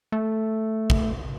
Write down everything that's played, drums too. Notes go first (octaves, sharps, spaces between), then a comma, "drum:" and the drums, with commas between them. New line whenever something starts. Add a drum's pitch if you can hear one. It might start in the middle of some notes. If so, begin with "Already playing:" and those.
A3
drum: kick